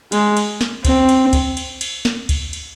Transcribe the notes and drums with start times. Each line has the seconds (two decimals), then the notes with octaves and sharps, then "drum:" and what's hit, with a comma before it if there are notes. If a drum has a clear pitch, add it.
0.12 G#3, drum: cymbal
0.37 drum: cymbal
0.61 drum: snare
0.85 C4, drum: kick C#2, cymbal
1.09 drum: cymbal
1.33 drum: kick C#2, cymbal
1.57 drum: cymbal
1.81 drum: cymbal
2.05 drum: snare
2.29 drum: kick C#2, cymbal
2.53 drum: cymbal